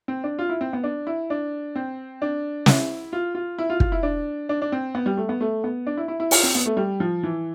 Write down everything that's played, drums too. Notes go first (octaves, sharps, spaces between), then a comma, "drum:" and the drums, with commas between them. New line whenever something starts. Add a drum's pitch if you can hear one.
C4
D4
F4
E4
C4
B3
D4
E4
D4
C4
D4
E4, drum: snare
F4
F4
E4
F4
F4, drum: kick
E4
D4
D4
D4
C4
B3
G3
A3
B3
A3
B3
D4
E4
E4
E4
F4, drum: open hi-hat
C4
B3
A3
G3
F3
E3